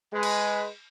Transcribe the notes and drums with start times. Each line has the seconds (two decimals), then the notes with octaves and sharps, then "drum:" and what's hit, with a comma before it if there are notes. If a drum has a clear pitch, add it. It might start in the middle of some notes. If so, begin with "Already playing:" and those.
0.12 G#3 B4
0.23 drum: cymbal